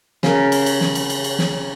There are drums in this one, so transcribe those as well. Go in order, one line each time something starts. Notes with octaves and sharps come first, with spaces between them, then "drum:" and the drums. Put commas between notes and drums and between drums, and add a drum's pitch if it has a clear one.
C#3 A#4, drum: snare
drum: cymbal
drum: cymbal
drum: snare
drum: cymbal
drum: cymbal
drum: cymbal
drum: snare